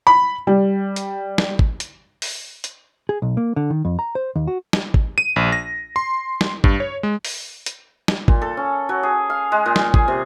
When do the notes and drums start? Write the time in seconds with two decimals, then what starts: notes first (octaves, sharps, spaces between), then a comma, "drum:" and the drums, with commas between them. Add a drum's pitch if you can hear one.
0.07 B5
0.47 G3
0.96 drum: hi-hat
1.38 drum: snare
1.59 drum: kick G#1
1.80 drum: hi-hat
2.22 drum: open hi-hat
2.64 drum: hi-hat
3.09 G#4
3.22 B1
3.37 A#3
3.56 D3
3.70 D#3
3.85 F2
3.99 A#5
4.15 C5
4.36 D#2
4.48 F#4
4.73 drum: snare
4.94 drum: kick G#1
5.18 D#7
5.36 A#1
5.52 A#6
5.96 C6
6.41 drum: snare
6.64 G2, drum: kick G#1
6.80 C#5
7.03 G#3
7.25 drum: open hi-hat
7.66 drum: hi-hat
8.08 drum: snare
8.28 A#2, drum: kick G#1
8.42 A4
8.57 C#4
8.89 F#3
9.03 G#4
9.30 F5
9.52 G#3
9.66 A#2
9.76 drum: snare
9.94 G#4, drum: kick G#1
10.08 C3